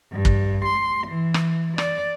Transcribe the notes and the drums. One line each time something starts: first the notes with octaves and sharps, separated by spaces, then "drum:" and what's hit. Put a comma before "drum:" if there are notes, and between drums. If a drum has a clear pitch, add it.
G2
drum: kick
C6
E3
drum: rim click
D5, drum: rim click